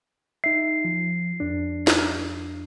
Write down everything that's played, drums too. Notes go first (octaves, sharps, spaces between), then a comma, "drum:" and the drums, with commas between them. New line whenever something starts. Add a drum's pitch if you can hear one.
D#4 E5 C7
F3
F2 D4
drum: snare